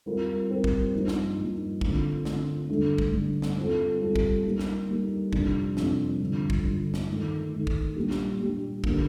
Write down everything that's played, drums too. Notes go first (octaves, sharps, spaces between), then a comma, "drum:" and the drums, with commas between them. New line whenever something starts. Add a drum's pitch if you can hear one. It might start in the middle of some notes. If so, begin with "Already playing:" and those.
G3 C4 F4 A#4
G3 C4 F4 A#4
drum: kick
G2 F3 A#3 D#4
drum: snare
G2 F3 A#3 D#4
D3 A3 C4 F4, drum: kick
D3 A3 C4 F4, drum: snare
G2 D3 A3
drum: kick
G2 D3 A3
drum: snare
G3 C4 F4 A4
G3 C4 F4 A4
drum: kick
G3 A#3 D#4
drum: snare
G3 A#3 D#4
F2 C3 G3 D4, drum: kick
F2 C3 G3 D4, drum: snare
G2 D3 F3
drum: kick
G2 D3 F3
drum: snare
D#3 A3 D#4
D#3 A3 D#4
drum: kick
A#2 G3 D4 G4
drum: snare
A#2 G3 D4 G4
D3 F3 A#3 F4, drum: kick